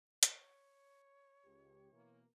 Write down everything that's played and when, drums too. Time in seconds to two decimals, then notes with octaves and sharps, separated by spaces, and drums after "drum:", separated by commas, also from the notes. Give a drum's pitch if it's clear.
0.23 C#5, drum: hi-hat
1.45 C#2 G4
1.92 B2 E3 A#3